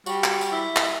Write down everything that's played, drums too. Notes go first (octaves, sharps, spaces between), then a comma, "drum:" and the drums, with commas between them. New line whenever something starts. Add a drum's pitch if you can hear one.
G3 F#4, drum: tambourine
drum: clap
drum: tambourine
E4
drum: clap